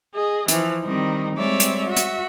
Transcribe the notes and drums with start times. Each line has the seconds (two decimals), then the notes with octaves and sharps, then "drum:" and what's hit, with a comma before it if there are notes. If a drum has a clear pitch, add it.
0.14 G#4 D#5
0.48 E3 F3, drum: hi-hat
0.83 D#3 G3 C4 D#4
1.36 G3 G#3 C4 C#5 D5 E5
1.60 drum: hi-hat
1.87 F#4 E5
1.96 drum: hi-hat